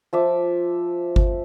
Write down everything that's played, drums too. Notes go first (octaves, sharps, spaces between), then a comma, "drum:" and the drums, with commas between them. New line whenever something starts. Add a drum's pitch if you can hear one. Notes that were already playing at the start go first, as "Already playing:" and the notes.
F3 E5 D6
drum: kick G1